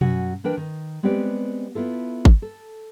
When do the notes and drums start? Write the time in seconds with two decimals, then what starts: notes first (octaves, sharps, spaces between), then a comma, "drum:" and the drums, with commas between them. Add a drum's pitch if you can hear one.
0.01 F#2 F#4 G#5, drum: tom B2
0.44 E3 D4 A#4 B4 G5
0.57 D#3
1.03 G#3 B3 C4 G4 B4 D5
1.75 B3 E4 F4 A4
2.25 drum: kick G#1
2.42 A4